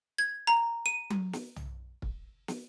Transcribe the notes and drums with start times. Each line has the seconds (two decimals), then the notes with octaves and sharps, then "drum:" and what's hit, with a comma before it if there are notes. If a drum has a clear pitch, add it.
0.18 G#6
0.47 A#5
0.86 D#7
1.10 drum: tom F#3
1.33 drum: snare
1.56 drum: tom
2.02 drum: kick
2.48 drum: snare